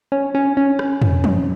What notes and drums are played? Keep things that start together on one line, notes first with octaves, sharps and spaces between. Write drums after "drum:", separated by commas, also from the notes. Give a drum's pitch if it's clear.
C#4
C#4
C#4
drum: rim click
drum: tom
drum: tom